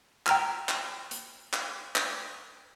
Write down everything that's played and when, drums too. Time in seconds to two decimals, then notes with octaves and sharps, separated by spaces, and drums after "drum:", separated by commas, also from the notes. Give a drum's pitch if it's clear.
0.27 G5 A#5 E6 F6, drum: clap
0.69 drum: clap
1.11 drum: hi-hat
1.53 drum: clap
1.96 drum: clap